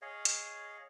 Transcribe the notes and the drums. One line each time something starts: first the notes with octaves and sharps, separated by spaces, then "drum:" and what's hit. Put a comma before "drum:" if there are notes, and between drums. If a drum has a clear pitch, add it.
G#4 C#5 D#5 F5
drum: hi-hat